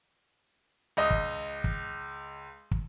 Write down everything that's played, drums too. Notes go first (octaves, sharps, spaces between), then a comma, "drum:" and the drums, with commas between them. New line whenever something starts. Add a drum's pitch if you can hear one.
C#2 D#5
drum: kick
drum: kick
drum: kick